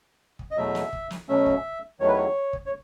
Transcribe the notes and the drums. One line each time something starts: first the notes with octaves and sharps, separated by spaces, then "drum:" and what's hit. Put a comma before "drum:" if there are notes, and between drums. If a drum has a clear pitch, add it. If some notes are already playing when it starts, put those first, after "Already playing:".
drum: kick
D#5
E2 B2 F#3 A3 E5
drum: snare
drum: kick
drum: snare
B2 F#3 A3 C#4 E5
drum: kick
E2 D#3 F#3 A3 C#5
B4
C#5
drum: kick
C#5